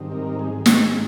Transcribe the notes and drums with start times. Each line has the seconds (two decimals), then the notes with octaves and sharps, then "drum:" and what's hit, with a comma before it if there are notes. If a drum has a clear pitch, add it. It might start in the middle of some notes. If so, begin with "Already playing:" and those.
Already playing: G#2 D#3 G3 C4 D#4
0.12 A#4
0.39 G#4
0.66 G#2 D#3 G3 C4 D#4, drum: snare